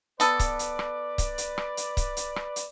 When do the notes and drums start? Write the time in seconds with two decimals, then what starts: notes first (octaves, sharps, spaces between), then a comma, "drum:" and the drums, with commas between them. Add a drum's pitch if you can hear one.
0.20 B3 A4 B4 D5, drum: hi-hat
0.39 drum: kick C#1, hi-hat
0.59 drum: hi-hat
0.79 drum: rim click
1.18 drum: kick C#1, hi-hat
1.38 drum: hi-hat
1.58 drum: rim click
1.77 drum: hi-hat
1.97 drum: kick C#1, hi-hat
2.17 drum: hi-hat
2.36 drum: rim click
2.56 drum: hi-hat